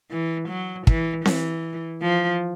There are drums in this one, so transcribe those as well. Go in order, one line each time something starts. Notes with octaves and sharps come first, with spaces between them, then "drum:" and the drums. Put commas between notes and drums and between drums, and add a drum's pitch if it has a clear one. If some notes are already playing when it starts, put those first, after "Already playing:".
E3
F#3
E3, drum: kick
E3, drum: snare C4
F3